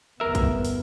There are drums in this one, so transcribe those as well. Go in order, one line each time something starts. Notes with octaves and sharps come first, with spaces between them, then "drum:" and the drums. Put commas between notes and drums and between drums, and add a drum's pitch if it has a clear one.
G1 E2 B3 A#4 E5
drum: kick, hi-hat
drum: open hi-hat